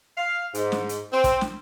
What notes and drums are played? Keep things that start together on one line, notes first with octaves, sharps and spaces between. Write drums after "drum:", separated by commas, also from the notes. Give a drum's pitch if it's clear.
F5
G#2, drum: hi-hat
drum: snare
drum: hi-hat
C4
drum: kick, hi-hat
drum: snare